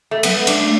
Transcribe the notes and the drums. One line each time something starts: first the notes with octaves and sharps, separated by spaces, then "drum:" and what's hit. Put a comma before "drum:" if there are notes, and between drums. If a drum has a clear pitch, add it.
A3
F#3 B3, drum: cymbal
G#3
G#3 D4, drum: cymbal
A3